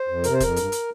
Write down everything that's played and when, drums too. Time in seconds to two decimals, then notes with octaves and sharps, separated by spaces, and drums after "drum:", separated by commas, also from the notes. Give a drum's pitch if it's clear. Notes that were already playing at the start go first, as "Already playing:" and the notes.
Already playing: C5
0.08 F2
0.24 C3 A#4, drum: hi-hat
0.33 C5
0.40 F2 A#4, drum: kick, hi-hat
0.56 G2, drum: hi-hat
0.72 drum: hi-hat